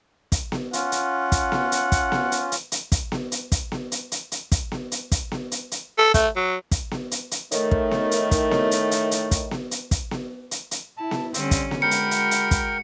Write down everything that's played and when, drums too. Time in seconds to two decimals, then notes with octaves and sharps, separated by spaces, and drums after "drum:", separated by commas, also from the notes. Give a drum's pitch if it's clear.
0.32 drum: kick, hi-hat
0.52 drum: snare B3
0.73 C#4 F4 F#5, drum: hi-hat
0.92 drum: hi-hat
1.32 drum: kick, hi-hat
1.52 drum: snare B3
1.72 drum: hi-hat
1.92 drum: kick, hi-hat
2.12 drum: snare B3
2.32 drum: hi-hat
2.52 drum: hi-hat
2.72 drum: hi-hat
2.92 drum: kick, hi-hat
3.12 drum: snare B3
3.32 drum: hi-hat
3.52 drum: kick, hi-hat
3.72 drum: snare B3
3.92 drum: hi-hat
4.12 drum: hi-hat
4.32 drum: hi-hat
4.52 drum: kick, hi-hat
4.72 drum: snare B3
4.92 drum: hi-hat
5.12 drum: kick, hi-hat
5.32 drum: snare B3
5.52 drum: hi-hat
5.72 drum: hi-hat
5.98 A4
6.14 A3, drum: kick, hi-hat
6.36 F#3
6.71 drum: kick, hi-hat
6.91 drum: snare B3
7.11 drum: hi-hat
7.31 drum: hi-hat
7.51 A2 D#3 A3, drum: hi-hat
7.71 drum: kick
7.91 drum: snare B3
8.11 drum: hi-hat
8.31 drum: kick, hi-hat
8.51 drum: snare B3
8.71 drum: hi-hat
8.91 drum: hi-hat
9.11 drum: hi-hat
9.31 drum: kick, hi-hat
9.51 drum: snare B3
9.71 drum: hi-hat
9.91 drum: kick, hi-hat
10.11 drum: snare B3
10.51 drum: hi-hat
10.71 drum: hi-hat
10.98 E4 A5
11.11 drum: snare B3
11.34 D3 G3 C4 C#4, drum: hi-hat
11.51 drum: kick, hi-hat
11.71 drum: snare B3
11.82 G#3 F#4 A#4 G5 B5 C#7
11.91 drum: hi-hat
12.11 drum: hi-hat
12.31 drum: hi-hat
12.51 drum: kick, hi-hat